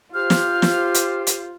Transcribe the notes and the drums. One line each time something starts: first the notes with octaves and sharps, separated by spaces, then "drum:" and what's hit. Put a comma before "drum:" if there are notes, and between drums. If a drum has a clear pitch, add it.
F4 G4 C5 F6
drum: snare
drum: snare
drum: hi-hat
drum: hi-hat